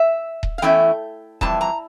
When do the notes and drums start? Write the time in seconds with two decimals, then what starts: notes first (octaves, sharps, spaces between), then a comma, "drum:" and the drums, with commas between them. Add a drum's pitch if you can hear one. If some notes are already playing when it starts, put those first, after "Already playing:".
Already playing: E5
0.43 drum: kick D#1
0.58 F5
0.62 E2 E3 A3 C#4 E4 G5
1.41 F2 E3 G3 A5, drum: kick D#1
1.61 A#5